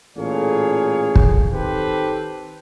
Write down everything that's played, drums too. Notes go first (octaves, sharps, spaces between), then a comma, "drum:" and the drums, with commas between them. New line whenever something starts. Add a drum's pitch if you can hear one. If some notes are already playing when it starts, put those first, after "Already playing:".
A1 A#2 G#4 A4 C#5 F5
drum: kick
D#3 C4 G4 A4 B4 C5